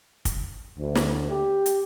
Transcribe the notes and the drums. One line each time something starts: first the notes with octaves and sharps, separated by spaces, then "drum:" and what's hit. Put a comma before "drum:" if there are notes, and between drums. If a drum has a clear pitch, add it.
drum: kick, hi-hat
D2
drum: snare
G4
drum: hi-hat